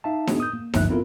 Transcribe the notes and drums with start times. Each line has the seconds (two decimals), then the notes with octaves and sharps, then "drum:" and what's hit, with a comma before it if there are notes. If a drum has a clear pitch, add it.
0.04 D#4 E5 F5 A5
0.27 B3 D4 F#4 G#4, drum: snare D#4
0.40 D#6 G6
0.53 A#3
0.74 G#1 D2 G2 F3 E5 F#6, drum: snare D#4
0.89 B3 C4 E4 F4 A4 A#4